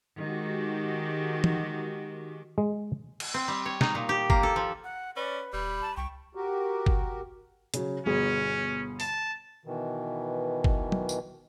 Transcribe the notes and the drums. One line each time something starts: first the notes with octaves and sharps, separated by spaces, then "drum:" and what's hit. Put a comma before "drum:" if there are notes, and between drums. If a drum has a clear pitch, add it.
D#3 G#3 F#4 G4
drum: tom E3
G#3
drum: cymbal
C4
G3
C#5
D#4, drum: snare
A#2
G4
A#3, drum: kick
A4
F3
F#5
C#4 B4 D5
D#1 G3 B5
A5
C2 G5 C#6
F#4 G4 A#4
drum: kick
C#3 F#3, drum: hi-hat
G1 B2 C#4 G#4
A5, drum: open hi-hat
B2 D#3 E3
drum: kick
drum: tom F#3
drum: tambourine